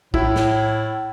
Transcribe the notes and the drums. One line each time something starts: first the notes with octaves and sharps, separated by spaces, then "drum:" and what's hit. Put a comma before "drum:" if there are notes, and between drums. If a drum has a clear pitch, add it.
A2 E4, drum: kick
drum: snare